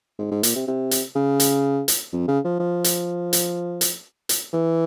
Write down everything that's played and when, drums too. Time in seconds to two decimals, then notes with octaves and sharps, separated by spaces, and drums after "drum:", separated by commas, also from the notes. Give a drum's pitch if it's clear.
0.19 G#2
0.31 G#2
0.43 A#2, drum: hi-hat
0.55 C3
0.67 C3
0.91 drum: hi-hat
1.15 C#3
1.40 drum: hi-hat
1.88 drum: hi-hat
2.13 F2
2.28 C#3
2.44 F3
2.60 F3
2.84 drum: hi-hat
3.33 drum: hi-hat
3.81 drum: hi-hat
4.29 drum: hi-hat
4.53 E3